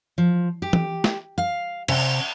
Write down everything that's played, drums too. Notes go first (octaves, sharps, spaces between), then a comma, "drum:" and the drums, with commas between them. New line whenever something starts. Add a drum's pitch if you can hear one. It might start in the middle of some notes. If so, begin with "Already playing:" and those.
F3
G4
drum: tom
drum: snare
F5
C3, drum: cymbal